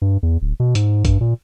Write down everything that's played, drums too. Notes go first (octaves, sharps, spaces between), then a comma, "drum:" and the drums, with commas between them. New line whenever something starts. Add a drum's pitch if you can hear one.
G2
E2
D1
B2
G#2, drum: hi-hat
G2, drum: kick A1, hi-hat
A#2